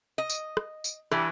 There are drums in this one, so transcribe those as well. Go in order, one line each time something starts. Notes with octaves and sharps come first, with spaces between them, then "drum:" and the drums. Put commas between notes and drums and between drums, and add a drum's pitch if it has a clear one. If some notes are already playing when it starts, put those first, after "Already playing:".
D#5
drum: tambourine
drum: rim click
drum: tambourine
G2 E3, drum: rim click